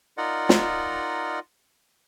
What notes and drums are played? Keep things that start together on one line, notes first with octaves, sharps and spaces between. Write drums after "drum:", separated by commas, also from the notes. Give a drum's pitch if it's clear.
D#4 F4 A#4 D5 D#5 F#5
drum: snare